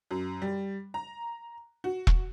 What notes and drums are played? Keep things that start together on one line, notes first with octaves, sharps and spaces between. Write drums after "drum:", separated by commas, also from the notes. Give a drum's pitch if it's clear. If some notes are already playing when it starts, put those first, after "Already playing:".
F#2
G3
A#5
F#4
drum: kick E1